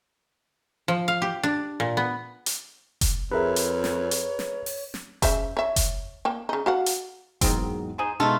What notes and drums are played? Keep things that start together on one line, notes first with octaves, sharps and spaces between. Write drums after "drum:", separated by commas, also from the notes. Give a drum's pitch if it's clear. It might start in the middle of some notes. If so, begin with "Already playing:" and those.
F3
F5
G4
D4
A#2
B3
drum: hi-hat
drum: kick F1, hi-hat
F2 G#4 A#4 B4 C#5 E5
drum: hi-hat
drum: snare
drum: hi-hat
drum: snare
drum: open hi-hat
drum: snare
C#3 C5 E5, drum: kick F1, hi-hat
C#5 E5
drum: kick F1, hi-hat
A#3 G5
C#3 D#4
F#4 F5 F#5
drum: hi-hat
E2 G#2 D#3 F#3 C4, drum: kick F1, hi-hat
D#4 G#4 C5
B2 G#3 A3 D#4 F4 A4